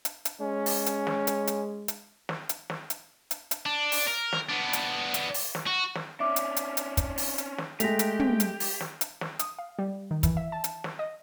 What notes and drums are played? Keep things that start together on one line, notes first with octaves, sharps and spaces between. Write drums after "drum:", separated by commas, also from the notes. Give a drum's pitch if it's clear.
drum: hi-hat
drum: hi-hat
G#3 C#4
drum: open hi-hat
drum: hi-hat
drum: snare
drum: hi-hat
drum: hi-hat
drum: hi-hat
drum: snare
drum: hi-hat
drum: snare
drum: hi-hat
drum: hi-hat
drum: hi-hat
D4
drum: open hi-hat
A#4
drum: snare
B3 D4
drum: hi-hat
drum: hi-hat
drum: open hi-hat
drum: snare
F#4
drum: snare
C#4 D4 E5 D6
drum: hi-hat
drum: hi-hat
drum: hi-hat
drum: kick, hi-hat
drum: open hi-hat
drum: hi-hat
drum: snare
G#3 A3 G4 A#6 B6 F7, drum: hi-hat
drum: hi-hat
drum: tom
drum: hi-hat
drum: open hi-hat
drum: snare
drum: hi-hat
drum: snare
D#6, drum: hi-hat
F5
G3
D#3
E3, drum: kick, hi-hat
E5
A5
drum: hi-hat
drum: snare
D#5